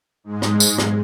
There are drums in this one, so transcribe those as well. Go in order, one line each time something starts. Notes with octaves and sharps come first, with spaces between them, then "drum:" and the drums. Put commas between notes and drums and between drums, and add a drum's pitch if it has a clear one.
G#2 G#3
drum: rim click
drum: tambourine
drum: rim click